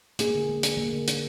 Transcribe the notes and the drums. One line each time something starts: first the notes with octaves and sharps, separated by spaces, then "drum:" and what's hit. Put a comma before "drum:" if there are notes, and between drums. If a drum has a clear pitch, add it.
A#3 G#4, drum: hi-hat
D3
A#3
A#3, drum: hi-hat
A#3
D3
A#3, drum: hi-hat